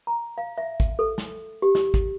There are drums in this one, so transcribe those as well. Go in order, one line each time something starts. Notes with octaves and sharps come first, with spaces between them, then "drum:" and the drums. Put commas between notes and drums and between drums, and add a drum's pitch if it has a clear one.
A#5
F5
E5
drum: kick, hi-hat
A4
drum: snare
G4
drum: snare
drum: kick, hi-hat